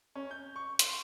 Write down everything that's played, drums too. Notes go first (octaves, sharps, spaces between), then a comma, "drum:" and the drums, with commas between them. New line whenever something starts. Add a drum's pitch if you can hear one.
C#4
G6
C#6
C6, drum: hi-hat